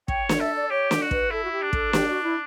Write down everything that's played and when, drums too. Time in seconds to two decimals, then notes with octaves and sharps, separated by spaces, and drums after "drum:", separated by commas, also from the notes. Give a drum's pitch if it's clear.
0.08 C#5 G5, drum: kick
0.29 drum: snare
0.39 A4 E5
0.55 D5
0.70 G4 C#5
0.91 drum: snare
1.01 F#4
1.11 B4, drum: kick
1.31 E4 A4
1.44 F#4
1.52 G4
1.62 D4
1.73 A4, drum: kick
1.93 G4, drum: snare
2.09 F#4
2.23 E4